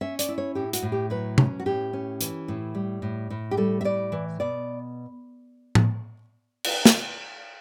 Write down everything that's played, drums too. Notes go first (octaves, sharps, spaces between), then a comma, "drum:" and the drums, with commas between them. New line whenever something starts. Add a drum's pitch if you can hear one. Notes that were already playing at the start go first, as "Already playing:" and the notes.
C#4 E5
D5, drum: hi-hat
E4
C#5
A2 G4
F#4, drum: hi-hat
A2
G4
F#3 B4
C#4, drum: tom C3
F#4
A2 G4
C#4
E3, drum: hi-hat
A2
G3
A2
A2
G4
G3 A4
E5
A2 D5
E3
B2 D5
drum: tom A2
drum: cymbal
drum: snare